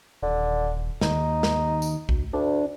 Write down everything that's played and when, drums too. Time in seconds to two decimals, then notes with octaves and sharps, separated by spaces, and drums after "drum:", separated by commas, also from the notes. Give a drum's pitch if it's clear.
0.23 D#1 D3
1.01 D#2 D#4, drum: snare
1.43 drum: snare
1.82 drum: tambourine
2.09 D2, drum: kick
2.33 D2 D4